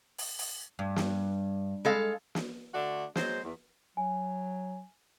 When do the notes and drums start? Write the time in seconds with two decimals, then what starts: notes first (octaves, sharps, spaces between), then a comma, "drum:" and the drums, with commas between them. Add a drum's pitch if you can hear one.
0.18 drum: open hi-hat
0.39 drum: open hi-hat
0.79 G2
0.96 drum: snare
1.85 G#3 A4 F5
2.35 drum: snare
2.74 D3 A3 D4 F#4
3.15 F#3 G#3 C5, drum: snare
3.44 E2
3.97 F#3 G#5